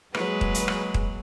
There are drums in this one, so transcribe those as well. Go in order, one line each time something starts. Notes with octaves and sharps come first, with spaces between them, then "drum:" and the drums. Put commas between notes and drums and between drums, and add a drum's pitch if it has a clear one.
F#3 G#3 A#3 G#4 B4, drum: rim click
drum: kick
drum: hi-hat
drum: rim click
drum: kick